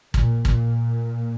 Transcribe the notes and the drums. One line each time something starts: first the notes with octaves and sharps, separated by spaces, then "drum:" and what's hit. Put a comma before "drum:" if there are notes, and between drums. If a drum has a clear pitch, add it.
A#2, drum: kick
A#2, drum: kick